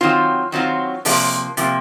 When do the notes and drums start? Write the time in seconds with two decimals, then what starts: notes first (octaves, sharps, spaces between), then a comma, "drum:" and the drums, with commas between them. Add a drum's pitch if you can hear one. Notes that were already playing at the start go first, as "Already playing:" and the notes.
0.01 D#3 F#3 C4 F4
0.52 D#3 F#3 C4 F4
1.05 C3 F3 A#3, drum: open hi-hat
1.57 C3 F3 A#3, drum: hi-hat